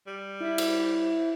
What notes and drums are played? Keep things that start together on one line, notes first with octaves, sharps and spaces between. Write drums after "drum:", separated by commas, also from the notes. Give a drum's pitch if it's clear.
G3
E4
drum: cymbal